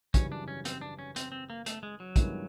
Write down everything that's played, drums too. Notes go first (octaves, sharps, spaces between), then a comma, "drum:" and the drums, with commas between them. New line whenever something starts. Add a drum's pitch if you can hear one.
G#1 F#2 C#3 E3 G3 C#4, drum: kick, hi-hat
D4
C#4
C4, drum: hi-hat
D4
C#4
C4, drum: hi-hat
C4
A#3
A3, drum: hi-hat
G#3
F#3
G2 D#3 G#3 B3 E4, drum: kick, hi-hat